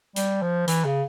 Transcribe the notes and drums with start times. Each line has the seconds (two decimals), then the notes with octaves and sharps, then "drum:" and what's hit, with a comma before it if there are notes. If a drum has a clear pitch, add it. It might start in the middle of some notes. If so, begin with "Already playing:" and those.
0.16 G3, drum: hi-hat
0.42 F3
0.68 E3, drum: hi-hat
0.85 C#3